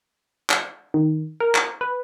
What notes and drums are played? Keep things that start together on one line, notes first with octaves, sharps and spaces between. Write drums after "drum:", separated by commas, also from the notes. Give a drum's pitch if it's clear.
drum: clap
D#3
A#4
drum: clap
B4